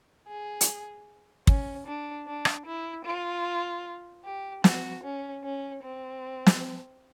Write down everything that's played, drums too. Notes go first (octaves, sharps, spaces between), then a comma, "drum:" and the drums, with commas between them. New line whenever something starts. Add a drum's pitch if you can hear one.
G#4
drum: hi-hat
C#4, drum: kick
D4
D4
drum: rim click
E4
F4
G4
F#4, drum: snare
C#4
C#4
C4
drum: snare